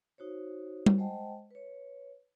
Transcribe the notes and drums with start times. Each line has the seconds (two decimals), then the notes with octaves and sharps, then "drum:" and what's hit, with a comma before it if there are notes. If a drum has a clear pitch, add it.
0.18 D#4 F#4 C5 C#5
0.86 drum: tom
0.98 G#3 C5 D#5 F#5 G5 A5
1.51 B4 C#5